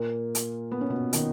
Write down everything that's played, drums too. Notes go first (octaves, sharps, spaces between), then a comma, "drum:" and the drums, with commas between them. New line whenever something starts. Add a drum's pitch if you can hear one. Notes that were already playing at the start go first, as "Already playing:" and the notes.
Already playing: A#2 A#3
drum: hi-hat
B3
C#4
B2 B3
D#3 D#4, drum: hi-hat